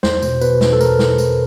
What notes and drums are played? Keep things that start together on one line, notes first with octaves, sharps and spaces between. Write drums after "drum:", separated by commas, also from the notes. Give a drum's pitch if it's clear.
E2 C5, drum: snare
B2, drum: tambourine
B2 B4, drum: tambourine
E2, drum: snare
A4
A#4, drum: tambourine
drum: snare
drum: tambourine